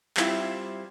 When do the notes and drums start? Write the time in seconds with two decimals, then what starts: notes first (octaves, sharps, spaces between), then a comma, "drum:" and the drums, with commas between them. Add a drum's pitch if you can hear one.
0.17 G3 C4 E4 F4, drum: clap